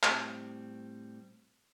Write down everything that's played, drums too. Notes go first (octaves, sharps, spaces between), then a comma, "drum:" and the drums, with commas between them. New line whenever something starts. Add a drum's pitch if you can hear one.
A2 G3 C4, drum: clap